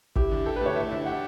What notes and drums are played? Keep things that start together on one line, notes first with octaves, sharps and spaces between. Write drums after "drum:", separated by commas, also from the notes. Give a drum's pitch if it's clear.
E4 G4, drum: kick
D3
G4 A4
B4
A3 C#5
E4 E5
D3 E5
G4 F#5